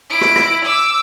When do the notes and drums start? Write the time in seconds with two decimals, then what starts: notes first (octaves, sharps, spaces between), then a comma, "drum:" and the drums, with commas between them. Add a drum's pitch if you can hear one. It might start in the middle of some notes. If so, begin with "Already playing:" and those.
0.10 E4 D7
0.21 drum: rim click
0.36 drum: rim click
0.65 D6 E6